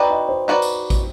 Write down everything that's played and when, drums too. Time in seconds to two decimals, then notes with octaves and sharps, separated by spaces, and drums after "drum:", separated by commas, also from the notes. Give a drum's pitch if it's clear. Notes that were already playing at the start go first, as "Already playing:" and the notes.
Already playing: D#4 F#4 B4 D5 G5
0.11 D#5
0.29 C5
0.48 D#4 F#4 B4 D5
0.62 drum: tambourine
0.90 drum: kick, tambourine